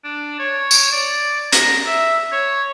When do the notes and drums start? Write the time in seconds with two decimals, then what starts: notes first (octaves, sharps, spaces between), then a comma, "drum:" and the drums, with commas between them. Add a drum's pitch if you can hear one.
0.05 D4
0.39 C#5
0.71 drum: tambourine
0.92 D5
1.52 A#5, drum: hi-hat
1.87 E5
2.32 C#5